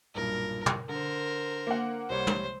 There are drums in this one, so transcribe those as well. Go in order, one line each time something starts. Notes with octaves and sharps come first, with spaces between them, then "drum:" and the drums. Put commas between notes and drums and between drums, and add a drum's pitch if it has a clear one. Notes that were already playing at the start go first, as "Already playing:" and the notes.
B1 G2 A#2 A#4
drum: tom
D3 A#4 C5
A#3 F#5
C2 G3 C5 C#5
drum: tom